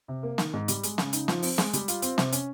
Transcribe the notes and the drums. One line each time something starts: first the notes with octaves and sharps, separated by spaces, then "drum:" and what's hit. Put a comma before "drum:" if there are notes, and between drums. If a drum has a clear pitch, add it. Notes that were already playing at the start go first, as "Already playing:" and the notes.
C3
A#3
D#3, drum: snare
G#2
G3, drum: hi-hat
G#3, drum: hi-hat
C#3, drum: snare
D#4, drum: hi-hat
F3, drum: snare
C4, drum: open hi-hat
G#3, drum: snare
G3, drum: hi-hat
F4, drum: hi-hat
C4, drum: hi-hat
C3, drum: snare
C#4, drum: hi-hat